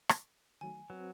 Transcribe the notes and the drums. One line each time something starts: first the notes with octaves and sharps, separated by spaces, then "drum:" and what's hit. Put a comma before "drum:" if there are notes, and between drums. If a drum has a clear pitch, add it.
drum: rim click
D#3 F#3 A3 G#5
F#3 C4 F#4 B4